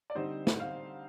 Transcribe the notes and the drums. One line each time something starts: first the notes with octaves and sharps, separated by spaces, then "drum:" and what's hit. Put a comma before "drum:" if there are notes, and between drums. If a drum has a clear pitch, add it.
D5
D3 G3 C4 D#4 C5
drum: snare
F5